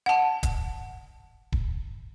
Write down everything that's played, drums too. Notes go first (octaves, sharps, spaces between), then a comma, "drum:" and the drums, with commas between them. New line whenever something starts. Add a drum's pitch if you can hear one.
F#5 A5
drum: kick D#1, hi-hat
drum: kick D#1